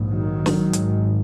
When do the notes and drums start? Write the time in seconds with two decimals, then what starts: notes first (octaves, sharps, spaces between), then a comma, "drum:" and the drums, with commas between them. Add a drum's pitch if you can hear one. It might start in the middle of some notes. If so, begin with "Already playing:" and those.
Already playing: A#1 G#2
0.10 D#3 F#3
0.46 drum: snare
0.59 G#1 G#2
0.73 drum: hi-hat